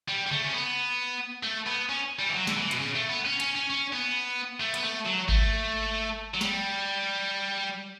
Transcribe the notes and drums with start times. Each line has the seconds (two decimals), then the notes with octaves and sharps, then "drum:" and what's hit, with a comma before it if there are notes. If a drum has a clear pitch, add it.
0.08 G3
0.26 G3
0.31 A3, drum: tom C3
0.45 C#4
0.53 B3
1.43 A3
1.66 B3
1.89 C#4
2.19 G3
2.29 E3
2.34 F#3
2.47 D3, drum: snare
2.57 E3
2.71 B2, drum: hi-hat
2.79 C#3
2.95 A3
3.09 B3
3.25 C#4
3.40 C#4, drum: hi-hat
3.56 C#4
3.70 C#4
3.93 B3
4.60 A3
4.74 B3, drum: hi-hat
4.83 A3
5.06 F#3
5.29 A3, drum: kick G#1
6.34 F#3
6.41 G3, drum: snare